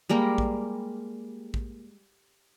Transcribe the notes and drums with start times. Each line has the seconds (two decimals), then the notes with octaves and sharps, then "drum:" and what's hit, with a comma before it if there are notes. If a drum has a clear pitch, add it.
0.09 G3 G#3 A#3 A#4
0.38 drum: kick A1
1.54 drum: kick A1